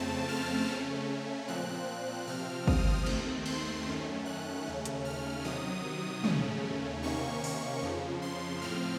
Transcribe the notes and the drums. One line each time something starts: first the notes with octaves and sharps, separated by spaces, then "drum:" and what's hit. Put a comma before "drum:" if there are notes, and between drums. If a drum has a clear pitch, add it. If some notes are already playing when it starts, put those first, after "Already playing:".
Already playing: F2 C#3 A3 C4 A5
F6
C#3 A3 C#4
A#2 F3 C4 F#6
C3 F3 C4 F6
D#6, drum: kick
D#2 D#3 A3 C4, drum: cymbal
C6, drum: cymbal
F#2 D#3 A3 C#4
F#6
D#2 C#3 A3 C#4
drum: hi-hat
F6
C3 D#3 F#3 D#6
D#2 C#3 A3 C#4, drum: tom
C3 D#3 A#3 C#4 C#6
drum: open hi-hat
F2 C#3 F3
C6
A2 F3 C4 F6